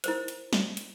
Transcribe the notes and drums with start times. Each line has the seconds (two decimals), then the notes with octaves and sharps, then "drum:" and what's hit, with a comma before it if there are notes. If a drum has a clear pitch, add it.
0.04 E4 A#4 C5, drum: hi-hat
0.28 drum: hi-hat
0.53 drum: snare
0.77 drum: hi-hat